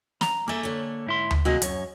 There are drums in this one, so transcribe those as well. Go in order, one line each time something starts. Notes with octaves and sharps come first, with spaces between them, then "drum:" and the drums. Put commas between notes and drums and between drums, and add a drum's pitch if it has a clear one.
A#5, drum: snare
A#3 G#4 A4 E5
D3 C#5
G#2 E4 C6
drum: tom D2
C3 F#3 A#3 F#4 G#4 D#5
F#2 C#5, drum: hi-hat